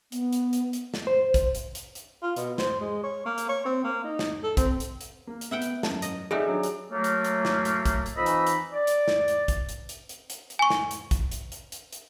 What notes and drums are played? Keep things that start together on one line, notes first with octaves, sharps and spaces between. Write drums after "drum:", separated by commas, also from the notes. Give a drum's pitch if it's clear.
B3, drum: hi-hat
drum: hi-hat
drum: hi-hat
drum: hi-hat
drum: snare
C5
drum: kick, hi-hat
drum: hi-hat
drum: hi-hat
drum: hi-hat
F4
B2, drum: hi-hat
C5, drum: snare
G#3
C#5
A#3
drum: hi-hat
C#5
C4
A#3
D#4
drum: snare
A4
C4, drum: kick, hi-hat
drum: hi-hat
drum: hi-hat
A#3
drum: hi-hat
B3 E5 F#5 G5
drum: hi-hat
F#2 A5, drum: snare
D#5, drum: hi-hat
G3 D#4 F#4 G#4 A4 E5 F#6
F#3 D4
drum: hi-hat
F#3 A3 A#3
drum: hi-hat
drum: hi-hat
drum: snare
drum: hi-hat
drum: kick, hi-hat
drum: hi-hat
F2 E3 D#4 D#5 B5 E6
drum: hi-hat
drum: hi-hat
D5
drum: hi-hat
drum: snare
drum: hi-hat
drum: kick, hi-hat
drum: hi-hat
drum: hi-hat
drum: hi-hat
drum: hi-hat
drum: hi-hat
G#5 C#6
drum: snare
drum: hi-hat
drum: kick, hi-hat
drum: hi-hat
drum: hi-hat
drum: hi-hat
drum: hi-hat